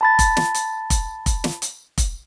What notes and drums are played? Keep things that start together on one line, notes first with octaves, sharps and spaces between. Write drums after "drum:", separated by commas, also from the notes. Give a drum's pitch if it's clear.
A5 B5 A6
drum: kick F1, hi-hat
drum: snare
drum: hi-hat
drum: kick F1, hi-hat
drum: kick F1, hi-hat
drum: snare
drum: hi-hat
drum: kick F1, hi-hat